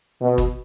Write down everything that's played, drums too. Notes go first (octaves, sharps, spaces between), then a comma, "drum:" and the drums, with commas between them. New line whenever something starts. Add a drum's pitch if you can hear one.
B2
drum: kick